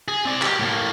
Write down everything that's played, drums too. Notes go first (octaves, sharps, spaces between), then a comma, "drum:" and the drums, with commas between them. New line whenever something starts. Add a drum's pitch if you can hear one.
G#4
C4 D5
G4, drum: clap
A2 A#3